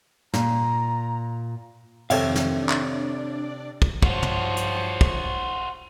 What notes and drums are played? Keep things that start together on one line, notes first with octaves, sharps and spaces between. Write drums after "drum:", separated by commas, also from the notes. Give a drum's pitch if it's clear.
A#2 A#5, drum: snare
F2 C3 D#3 A4 C#5 E5 F5, drum: cymbal
drum: snare
D4 D5
drum: clap
drum: kick
G2 F3 F4 F#4 C#5, drum: kick
drum: tom
drum: hi-hat
drum: kick